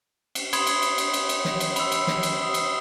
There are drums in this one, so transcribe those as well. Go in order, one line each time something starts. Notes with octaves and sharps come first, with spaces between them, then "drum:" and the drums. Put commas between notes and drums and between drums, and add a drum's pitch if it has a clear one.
drum: cymbal
B5 C6 D#6 G#6, drum: cymbal
drum: cymbal
drum: cymbal
drum: cymbal
drum: cymbal
drum: cymbal
drum: snare
drum: cymbal
B5 C6 E6, drum: cymbal
drum: cymbal
drum: snare
drum: cymbal
D#6
drum: cymbal